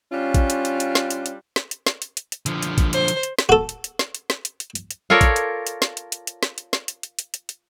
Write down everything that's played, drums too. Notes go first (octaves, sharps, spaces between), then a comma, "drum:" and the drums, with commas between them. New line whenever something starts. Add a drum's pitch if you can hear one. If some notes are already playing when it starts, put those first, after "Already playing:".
G3 C#4 D4 F4
drum: kick, hi-hat
drum: hi-hat
drum: hi-hat
drum: hi-hat
drum: snare
drum: hi-hat
drum: hi-hat
drum: snare
drum: hi-hat
drum: snare
drum: hi-hat
drum: hi-hat
drum: hi-hat
D3 F3, drum: hi-hat
drum: hi-hat
drum: kick, hi-hat
C5, drum: hi-hat
drum: hi-hat
drum: hi-hat
drum: snare
F#4 A4
drum: hi-hat
drum: hi-hat
drum: snare
drum: hi-hat
drum: snare
drum: hi-hat
drum: hi-hat
drum: hi-hat
drum: hi-hat
F4 A4 A#4 C#5 D5
drum: kick, hi-hat
drum: hi-hat
drum: hi-hat
drum: snare
drum: hi-hat
drum: hi-hat
drum: hi-hat
drum: snare
drum: hi-hat
drum: snare
drum: hi-hat
drum: hi-hat
drum: hi-hat
drum: hi-hat
drum: hi-hat